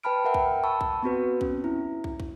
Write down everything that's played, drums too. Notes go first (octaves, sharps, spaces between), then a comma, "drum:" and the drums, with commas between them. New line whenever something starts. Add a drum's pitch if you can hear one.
B4 G5 A5 B5 F6 D7
A#4 E5 F#5 G5
drum: kick
A5 B5 C#6 E6
drum: kick
B3 C4 F#4 B4
C#4, drum: kick
E4
drum: kick
drum: kick